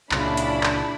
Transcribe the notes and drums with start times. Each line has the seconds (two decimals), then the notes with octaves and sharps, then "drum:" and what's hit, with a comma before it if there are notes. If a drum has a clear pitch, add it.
0.12 C#2 F#2 A#2 C#3 G#3 D4 E4 B5, drum: clap
0.37 drum: hi-hat
0.63 drum: clap